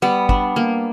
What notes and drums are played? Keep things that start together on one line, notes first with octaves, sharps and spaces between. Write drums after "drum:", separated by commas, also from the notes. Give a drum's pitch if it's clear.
G3 B3
D4, drum: kick
A#3